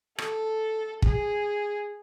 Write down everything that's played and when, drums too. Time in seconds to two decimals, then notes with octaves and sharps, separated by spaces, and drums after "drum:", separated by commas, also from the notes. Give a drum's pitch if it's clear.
0.18 A4, drum: rim click
1.02 G#4, drum: kick